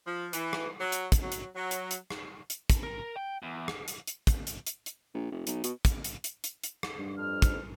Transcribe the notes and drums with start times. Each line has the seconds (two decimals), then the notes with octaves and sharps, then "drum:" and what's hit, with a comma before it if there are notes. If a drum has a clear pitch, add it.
0.06 F3
0.33 E3, drum: hi-hat
0.53 drum: rim click
0.79 F#3
0.92 drum: hi-hat
1.12 drum: kick, hi-hat
1.21 F#3
1.32 drum: hi-hat
1.55 F#3
1.71 drum: hi-hat
1.91 drum: hi-hat
2.10 drum: rim click
2.50 drum: hi-hat
2.70 drum: kick, hi-hat
2.83 A#4
3.16 G5
3.42 E2
3.68 drum: rim click
3.88 drum: hi-hat
4.07 drum: hi-hat
4.27 drum: kick, hi-hat
4.47 drum: hi-hat
4.67 drum: hi-hat
4.86 drum: hi-hat
5.14 A#1
5.31 F1
5.47 B1, drum: hi-hat
5.64 B2, drum: hi-hat
5.85 drum: kick, hi-hat
6.04 drum: hi-hat
6.24 drum: hi-hat
6.44 drum: hi-hat
6.63 drum: hi-hat
6.83 drum: rim click
6.99 G2
7.18 F2 F6
7.42 drum: kick, hi-hat